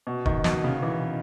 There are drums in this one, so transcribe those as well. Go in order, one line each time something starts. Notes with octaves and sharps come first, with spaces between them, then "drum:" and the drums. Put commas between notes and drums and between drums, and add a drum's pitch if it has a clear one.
B2
D#3, drum: kick D#1
B2, drum: snare
C#3
E3